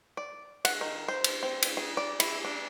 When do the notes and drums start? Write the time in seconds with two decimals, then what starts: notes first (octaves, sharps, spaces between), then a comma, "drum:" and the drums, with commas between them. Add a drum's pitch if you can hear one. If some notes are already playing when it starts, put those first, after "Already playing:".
0.17 D5
0.65 F#5, drum: cymbal
0.81 D#3
1.08 C5
1.24 drum: cymbal
1.43 C4
1.62 drum: cymbal
1.77 G#4
1.97 D5
2.20 E4, drum: cymbal
2.45 D4